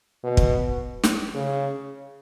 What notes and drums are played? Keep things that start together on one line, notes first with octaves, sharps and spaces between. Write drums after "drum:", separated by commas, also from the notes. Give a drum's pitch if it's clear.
B2
drum: kick
drum: snare
C#3